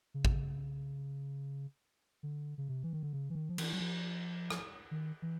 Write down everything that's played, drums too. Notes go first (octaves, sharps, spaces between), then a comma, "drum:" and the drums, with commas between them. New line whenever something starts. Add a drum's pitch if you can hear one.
C#3
C3, drum: kick A1
C#3
D3
C#3
C3
E3
D#3
D3
C#3
E3
D#3
F3
E3, drum: cymbal
F#3
F3
drum: rim click
D#3
E3